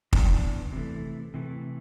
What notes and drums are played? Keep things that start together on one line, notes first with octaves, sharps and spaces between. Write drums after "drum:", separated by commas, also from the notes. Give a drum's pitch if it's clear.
E3 B3 D4, drum: kick
C3 E3 A3
C3 E3 A3